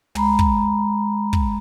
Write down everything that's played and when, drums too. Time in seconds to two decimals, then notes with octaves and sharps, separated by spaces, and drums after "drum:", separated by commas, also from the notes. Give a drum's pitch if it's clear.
0.15 G#3 A#5 B5, drum: tom
0.39 drum: kick
1.33 drum: kick